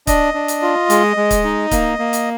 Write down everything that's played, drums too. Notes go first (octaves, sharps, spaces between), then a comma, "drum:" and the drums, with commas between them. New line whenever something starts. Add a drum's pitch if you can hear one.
D4 D#5, drum: kick C#1, hi-hat
D4
drum: hi-hat
F4
G#3, drum: hi-hat
G#3
drum: kick C#1, hi-hat
D#4
A#3, drum: kick C#1, hi-hat
A#3
drum: hi-hat